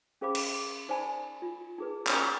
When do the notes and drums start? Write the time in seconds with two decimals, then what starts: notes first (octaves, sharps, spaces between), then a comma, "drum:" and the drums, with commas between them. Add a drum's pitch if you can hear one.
0.21 C#4 G#4 C5 F5 B5 D6
0.35 drum: cymbal
0.89 D#4 C5 D5 G#5 A5 B5
1.42 F4
1.78 D#4 G#4 B4
2.07 drum: clap